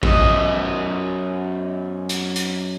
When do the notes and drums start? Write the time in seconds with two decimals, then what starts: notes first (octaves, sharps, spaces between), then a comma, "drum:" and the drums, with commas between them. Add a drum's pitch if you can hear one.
0.03 F#2 D#5, drum: kick A1
2.09 drum: hi-hat
2.35 drum: hi-hat